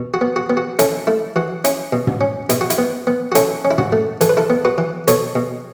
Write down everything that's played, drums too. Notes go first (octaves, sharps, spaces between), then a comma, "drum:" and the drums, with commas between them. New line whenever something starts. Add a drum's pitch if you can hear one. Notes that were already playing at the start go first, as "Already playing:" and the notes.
Already playing: B2
F#4
B3
F#4
B3
F#4
C#4 E4 A4, drum: hi-hat
A3 E4
E3 F#4
C#4 E4, drum: hi-hat
B2
drum: tom
C#4
B2 E4, drum: hi-hat
F#4
E4, drum: hi-hat
B3
B3
F#4
C#4 E4 A4, drum: hi-hat
C#4
E4
F#4, drum: tom
A3
E3 A4, drum: hi-hat
B4
E4 A4
B3
F#4 B4
E3
B2 A4 C#5, drum: hi-hat
B2